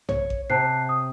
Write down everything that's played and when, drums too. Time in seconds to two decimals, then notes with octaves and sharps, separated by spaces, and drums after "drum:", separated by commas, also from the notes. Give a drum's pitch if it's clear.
0.09 C#5, drum: tom B1
0.30 drum: kick G#1
0.50 C3 A5 F#6 C7
0.89 D#6